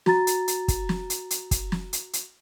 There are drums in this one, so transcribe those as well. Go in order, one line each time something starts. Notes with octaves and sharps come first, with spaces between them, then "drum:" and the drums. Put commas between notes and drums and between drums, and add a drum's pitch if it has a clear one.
F#4 A#5 A6, drum: snare
drum: hi-hat
drum: hi-hat
drum: kick, hi-hat
drum: snare
drum: hi-hat
drum: hi-hat
drum: kick, hi-hat
drum: snare
drum: hi-hat
drum: hi-hat